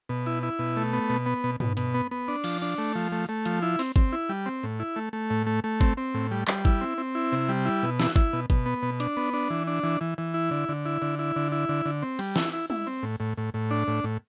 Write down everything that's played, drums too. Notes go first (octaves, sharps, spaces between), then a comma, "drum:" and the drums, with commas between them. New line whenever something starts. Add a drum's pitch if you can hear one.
B2
E4
E4
B2
A3
B3
B2
B3
B2
B2, drum: tom
B2, drum: hi-hat
B3
B3
D4
F3, drum: cymbal
D4
A3
F3
A3
A3
F3, drum: hi-hat
E4
C4, drum: open hi-hat
C4, drum: kick G1
E4
G3
C4
A2
E4
A3
A3
A2
A3
A3
C4, drum: kick G1
C4
A2
G3
G3, drum: clap
E4, drum: kick G1
C4
C4
E4
C3
G3
E4
B2
E4, drum: snare
E4, drum: kick G1
B2
B2, drum: kick G1
B3
B2
D4, drum: hi-hat
B3
D4
E3
D4
E3
E3
E3
E4
D3
D3
E4
D3
E4
D3
E4
D3
D3
C4
G3, drum: cymbal
E4, drum: snare
E4
E4, drum: tom
C4
A2
A2
A2
A2
D4
A2
A2